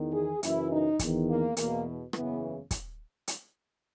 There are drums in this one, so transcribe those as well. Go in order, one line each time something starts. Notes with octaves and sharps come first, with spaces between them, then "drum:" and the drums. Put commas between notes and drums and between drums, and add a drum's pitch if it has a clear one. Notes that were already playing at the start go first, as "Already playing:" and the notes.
Already playing: E2 D#3
G#4
F#1 F#2 E3 E4, drum: hi-hat
D#4
E2 D#3, drum: kick, hi-hat
A#3
E2 B2 A#3, drum: hi-hat
F#1 E2 C#3 E3 B3, drum: rim click
drum: kick, hi-hat
drum: hi-hat